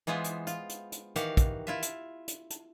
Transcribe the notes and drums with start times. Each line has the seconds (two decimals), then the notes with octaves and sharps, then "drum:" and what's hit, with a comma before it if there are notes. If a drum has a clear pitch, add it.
0.07 E3 G#3 B3 F4 C5
0.24 drum: hi-hat
0.47 F4, drum: hi-hat
0.69 drum: hi-hat
0.92 drum: hi-hat
1.16 D#3 E3 F#4 G4 F5 F#5, drum: hi-hat
1.37 drum: kick, hi-hat
1.67 E4 F4 E5
1.82 drum: hi-hat
2.28 drum: hi-hat
2.50 drum: hi-hat